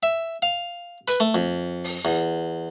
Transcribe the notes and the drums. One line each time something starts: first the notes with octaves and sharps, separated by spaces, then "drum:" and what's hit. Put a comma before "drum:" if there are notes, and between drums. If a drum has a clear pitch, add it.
E5
F5
B4, drum: hi-hat
A3
F2
drum: open hi-hat
E2